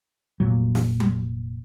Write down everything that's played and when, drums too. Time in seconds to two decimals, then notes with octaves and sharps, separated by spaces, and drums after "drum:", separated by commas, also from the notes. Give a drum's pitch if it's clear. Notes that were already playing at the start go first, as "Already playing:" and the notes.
0.40 F1 A#2 F#3
0.75 drum: snare
1.00 drum: tom F#3